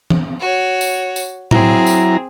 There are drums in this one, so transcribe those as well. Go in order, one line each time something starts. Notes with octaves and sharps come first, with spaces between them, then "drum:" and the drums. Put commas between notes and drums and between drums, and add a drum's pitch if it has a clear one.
drum: tom E3
F#4 C#5
drum: tambourine
drum: tambourine
F#3 C4 E4 G#4 A#5, drum: tom A2
drum: tambourine